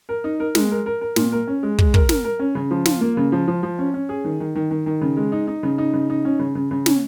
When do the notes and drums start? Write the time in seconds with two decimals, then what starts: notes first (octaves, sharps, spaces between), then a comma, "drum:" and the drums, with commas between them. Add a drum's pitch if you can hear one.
0.09 A#4
0.24 D#4
0.40 A#4
0.55 G#3, drum: snare
0.71 A#4
0.86 A#4
1.01 A#4
1.16 A#2, drum: snare
1.32 A#4
1.47 C#4
1.63 G#3
1.79 G#3, drum: kick
1.94 A#4, drum: kick
2.09 A#4, drum: snare
2.24 A#4
2.39 C#4
2.55 C#3
2.71 F3
2.86 F4, drum: snare
3.01 A#3
3.17 C#3
3.32 F3
3.48 F3
3.63 F3
3.79 C#4
3.94 C#4
4.09 G#4
4.24 D#3
4.40 D#3
4.55 D#3
4.71 D#3
4.86 D#3
5.01 C#3
5.17 G#3
5.32 D#4
5.47 D#4
5.63 C#3
5.78 D#4
5.93 C#3
6.10 D#4
6.25 C#4
6.39 C#3
6.55 C#3
6.71 C#3
6.86 C#4, drum: snare